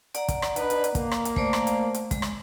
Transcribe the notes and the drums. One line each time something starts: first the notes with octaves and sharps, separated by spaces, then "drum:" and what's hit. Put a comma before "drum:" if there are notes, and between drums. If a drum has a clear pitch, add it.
D5 F#5 A#5, drum: hi-hat
drum: kick, hi-hat
drum: rim click
D4 D#4 B4, drum: hi-hat
drum: hi-hat
drum: hi-hat
A#3, drum: kick, hi-hat
drum: rim click
drum: hi-hat
A3 C5 D5, drum: kick
drum: rim click
drum: hi-hat
drum: hi-hat
G#3, drum: kick, hi-hat
drum: rim click